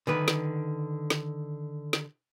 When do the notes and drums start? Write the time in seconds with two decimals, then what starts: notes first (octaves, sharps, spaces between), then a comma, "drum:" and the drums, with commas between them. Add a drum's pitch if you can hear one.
0.07 D3 D#3 B4
0.28 drum: snare
1.10 drum: snare
1.93 drum: snare